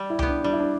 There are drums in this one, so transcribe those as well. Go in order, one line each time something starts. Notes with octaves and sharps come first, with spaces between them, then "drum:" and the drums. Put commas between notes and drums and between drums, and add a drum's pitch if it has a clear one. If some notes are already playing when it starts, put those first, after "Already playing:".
Already playing: G3
E4
B3 G4, drum: tom C2
D4
G3 D4
E4
D4